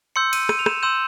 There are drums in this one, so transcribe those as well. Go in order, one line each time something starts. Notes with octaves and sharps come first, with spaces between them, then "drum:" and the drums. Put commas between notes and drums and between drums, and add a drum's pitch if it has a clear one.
C6 E6 G6 C#7
D#7, drum: cymbal
D#7, drum: rim click
F7
E7, drum: rim click
C6 E6 G6 E7